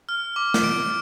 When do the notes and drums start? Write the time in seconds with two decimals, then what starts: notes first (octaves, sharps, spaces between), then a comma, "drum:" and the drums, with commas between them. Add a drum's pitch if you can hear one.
0.09 F6
0.36 D6
0.54 drum: snare
0.64 D7